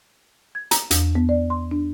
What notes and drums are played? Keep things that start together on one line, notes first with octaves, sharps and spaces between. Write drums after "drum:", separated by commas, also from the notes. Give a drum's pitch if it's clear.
G#6
A#5, drum: hi-hat
E2, drum: hi-hat
B3
D5
C6
D4